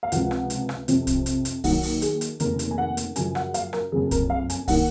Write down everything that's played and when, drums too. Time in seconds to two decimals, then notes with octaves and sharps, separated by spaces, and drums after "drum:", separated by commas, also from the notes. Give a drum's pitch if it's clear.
0.03 F5
0.12 C#2 C3 F3 F#5, drum: hi-hat
0.31 drum: rim click
0.50 drum: hi-hat
0.69 drum: rim click
0.88 F2 C3 F3 C4, drum: hi-hat
1.07 drum: kick, hi-hat
1.26 drum: hi-hat
1.45 drum: hi-hat
1.64 D#2 D#3 F#3 F#5, drum: kick, open hi-hat
1.83 drum: open hi-hat
2.02 G#4, drum: hi-hat
2.21 drum: hi-hat
2.40 F1 D#2 C#3 A#4, drum: hi-hat
2.59 drum: hi-hat
2.71 G#5
2.78 F#5
2.97 drum: hi-hat
3.16 F#2 C#3 F3 G#5, drum: hi-hat
3.35 F#5, drum: rim click
3.54 F5, drum: hi-hat
3.73 A#4, drum: rim click
3.92 F#1 F2 C#3 G#4
4.11 A#4, drum: kick, hi-hat
4.30 F5
4.50 G#5, drum: hi-hat
4.68 D#3 A#3 F#5, drum: kick, open hi-hat